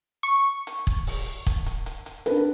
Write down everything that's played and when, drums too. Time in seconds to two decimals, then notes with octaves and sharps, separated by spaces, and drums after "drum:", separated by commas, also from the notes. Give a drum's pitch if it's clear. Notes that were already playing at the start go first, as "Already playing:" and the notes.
0.23 C#6
0.67 drum: hi-hat
0.87 drum: kick
1.07 drum: open hi-hat
1.46 drum: kick, hi-hat
1.66 drum: hi-hat
1.86 drum: hi-hat
2.06 drum: hi-hat
2.26 D4 A#4 B4, drum: hi-hat